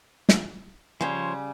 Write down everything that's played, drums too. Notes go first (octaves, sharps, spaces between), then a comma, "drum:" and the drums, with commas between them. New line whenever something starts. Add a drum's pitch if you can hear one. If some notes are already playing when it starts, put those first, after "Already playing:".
drum: snare
C#3 F3 G3 C5 C#5